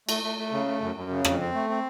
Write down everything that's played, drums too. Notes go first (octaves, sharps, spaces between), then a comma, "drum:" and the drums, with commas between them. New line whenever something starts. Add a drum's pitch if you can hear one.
A3, drum: cymbal
A3
A3
C#3
A3
F#2
F#2
C#3
F2, drum: rim click
C4
A3
C4